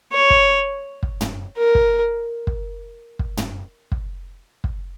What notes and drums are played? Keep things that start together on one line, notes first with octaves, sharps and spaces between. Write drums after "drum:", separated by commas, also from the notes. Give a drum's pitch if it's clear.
C#5
drum: kick
drum: kick
drum: tom
A#4
drum: kick
drum: kick
drum: kick
drum: tom
drum: kick
drum: kick